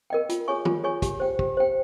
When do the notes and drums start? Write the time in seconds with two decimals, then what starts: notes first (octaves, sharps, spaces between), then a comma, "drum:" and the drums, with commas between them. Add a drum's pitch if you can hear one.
0.10 A#4 D#5 G5
0.29 F4, drum: hi-hat
0.48 G#4 C#5 G#5 C#6
0.65 F4, drum: tom
0.84 G#4 C#5 G#5 C#6
1.02 G4, drum: kick, hi-hat
1.20 C5 G5
1.39 G4, drum: kick
1.57 C5 G5